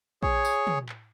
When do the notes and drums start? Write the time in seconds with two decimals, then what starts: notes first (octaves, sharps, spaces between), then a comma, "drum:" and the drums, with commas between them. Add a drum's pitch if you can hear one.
0.23 G#4 C#5, drum: kick A#1
0.45 drum: tambourine
0.67 drum: tom
0.89 drum: clap